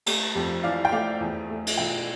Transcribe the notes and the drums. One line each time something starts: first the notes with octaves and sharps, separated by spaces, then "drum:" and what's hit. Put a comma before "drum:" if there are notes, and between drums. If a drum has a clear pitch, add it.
A3 G4, drum: cymbal
F2 G4
E3 D5 F5
G5
A3 D5 F5
E2
A3
drum: cymbal
E1 E5 G5